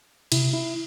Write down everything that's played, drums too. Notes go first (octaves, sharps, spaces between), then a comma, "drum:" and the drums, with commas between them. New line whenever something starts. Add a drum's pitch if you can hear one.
C3 E4, drum: cymbal
E4